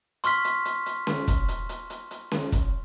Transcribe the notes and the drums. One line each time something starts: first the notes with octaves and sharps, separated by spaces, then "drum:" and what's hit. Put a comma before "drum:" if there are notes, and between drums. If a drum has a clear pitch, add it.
C6 C#6 F6 B6, drum: hi-hat
drum: hi-hat
drum: hi-hat
drum: hi-hat
drum: snare C#4
drum: kick, hi-hat
drum: hi-hat
drum: hi-hat
drum: hi-hat
drum: hi-hat
drum: snare C#4
drum: kick, hi-hat